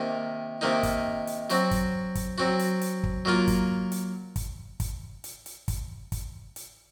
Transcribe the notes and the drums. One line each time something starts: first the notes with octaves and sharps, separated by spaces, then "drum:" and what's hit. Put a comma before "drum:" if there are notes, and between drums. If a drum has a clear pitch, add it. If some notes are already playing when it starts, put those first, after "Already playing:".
Already playing: C3 D#3 A#3 D#4
C3 D#3 A#3 D#4
drum: kick, hi-hat
drum: hi-hat
F#3 C4 F#4, drum: hi-hat
drum: kick, hi-hat
drum: kick, hi-hat
F#3 C4 F#4
drum: hi-hat
drum: hi-hat
drum: kick
F#3 A#3 F4
drum: kick, hi-hat
drum: hi-hat
drum: kick, hi-hat
drum: kick, hi-hat
drum: hi-hat
drum: hi-hat
drum: kick, hi-hat
drum: kick, hi-hat
drum: hi-hat